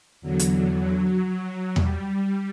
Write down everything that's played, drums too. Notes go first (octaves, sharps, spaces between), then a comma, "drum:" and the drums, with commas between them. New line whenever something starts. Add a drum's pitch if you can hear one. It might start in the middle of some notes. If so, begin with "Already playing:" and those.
E2 D3 F#3
drum: hi-hat
F#3
F#3
G3, drum: tom E2